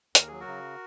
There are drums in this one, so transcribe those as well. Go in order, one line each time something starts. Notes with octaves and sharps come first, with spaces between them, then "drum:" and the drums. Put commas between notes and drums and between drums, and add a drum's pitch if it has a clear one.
D#2 A#4, drum: hi-hat
F#3 G#4
F#4 A#4
C#3